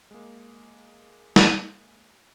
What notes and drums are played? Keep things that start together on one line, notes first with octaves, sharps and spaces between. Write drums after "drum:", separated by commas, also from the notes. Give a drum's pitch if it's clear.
G#3 A#3
drum: snare